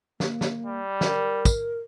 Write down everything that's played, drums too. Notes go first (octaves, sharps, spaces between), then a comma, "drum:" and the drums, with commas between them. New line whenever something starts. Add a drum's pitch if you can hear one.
A#3, drum: snare
drum: snare
G3
A#4, drum: snare
drum: kick, tambourine